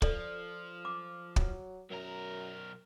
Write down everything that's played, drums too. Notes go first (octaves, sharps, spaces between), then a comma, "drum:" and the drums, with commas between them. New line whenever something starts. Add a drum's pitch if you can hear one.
F3 A4 D5, drum: kick
D6
F#3, drum: kick
B1 F#2 A#4